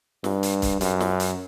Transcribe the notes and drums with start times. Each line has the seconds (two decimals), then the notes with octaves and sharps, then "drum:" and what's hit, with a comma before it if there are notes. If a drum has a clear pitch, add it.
0.24 G2, drum: snare
0.43 drum: hi-hat
0.62 drum: kick, hi-hat
0.81 F#2, drum: hi-hat
1.01 drum: snare
1.20 drum: hi-hat